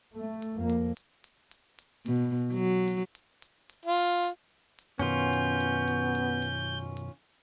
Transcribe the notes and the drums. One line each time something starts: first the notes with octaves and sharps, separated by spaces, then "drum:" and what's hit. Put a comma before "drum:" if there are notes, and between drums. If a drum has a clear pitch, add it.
A3
drum: hi-hat
F2 A#3
drum: hi-hat
drum: hi-hat
drum: hi-hat
drum: hi-hat
drum: hi-hat
B2, drum: hi-hat
F#3
drum: hi-hat
drum: hi-hat
drum: hi-hat
drum: hi-hat
F4
drum: hi-hat
drum: hi-hat
drum: hi-hat
F#2 B2 D#3 B3 C#4 F4 G6
drum: hi-hat
drum: hi-hat
drum: hi-hat
drum: hi-hat
drum: hi-hat
drum: hi-hat